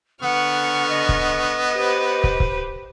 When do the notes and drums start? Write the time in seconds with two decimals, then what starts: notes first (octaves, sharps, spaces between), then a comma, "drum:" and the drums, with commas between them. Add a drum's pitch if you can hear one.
0.23 D3 B3 F#5 C#6 F6
0.89 D#5
1.09 drum: kick
1.74 G4 B4 C5
2.24 drum: kick
2.40 drum: kick